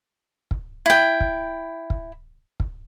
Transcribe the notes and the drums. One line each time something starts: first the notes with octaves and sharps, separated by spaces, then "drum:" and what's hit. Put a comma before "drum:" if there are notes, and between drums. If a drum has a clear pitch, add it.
drum: kick
E4 G5
drum: kick
drum: kick
drum: kick